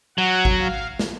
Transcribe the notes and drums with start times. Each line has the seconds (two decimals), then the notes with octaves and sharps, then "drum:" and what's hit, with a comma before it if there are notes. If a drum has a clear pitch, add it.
0.18 F#3 F#5
0.45 drum: kick G#1
0.59 F5
0.99 drum: snare